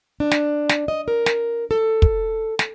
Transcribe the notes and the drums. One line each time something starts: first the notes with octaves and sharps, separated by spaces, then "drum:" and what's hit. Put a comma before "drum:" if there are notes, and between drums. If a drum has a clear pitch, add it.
D4
drum: snare
drum: snare
D#5
A#4
drum: snare
A4
drum: kick
drum: snare